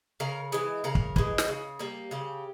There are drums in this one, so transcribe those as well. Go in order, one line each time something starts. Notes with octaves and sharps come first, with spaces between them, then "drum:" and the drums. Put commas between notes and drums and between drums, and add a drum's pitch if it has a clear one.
C#3 A#4
E3 G#3
C#3 A#4
drum: kick
E3 G#3, drum: kick
drum: snare
C#3
G3 A#3
C#3 G4